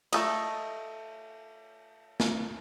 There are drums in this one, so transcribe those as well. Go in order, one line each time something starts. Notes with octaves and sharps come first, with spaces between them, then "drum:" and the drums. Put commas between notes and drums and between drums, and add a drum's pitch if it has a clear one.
A3 A4 D#5, drum: cymbal
drum: snare